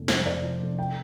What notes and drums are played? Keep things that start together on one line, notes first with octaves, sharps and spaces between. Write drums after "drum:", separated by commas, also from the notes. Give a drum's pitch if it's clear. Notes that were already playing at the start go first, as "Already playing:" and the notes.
Already playing: F1
F2 C5, drum: snare
F1 D5
F3
F1
G5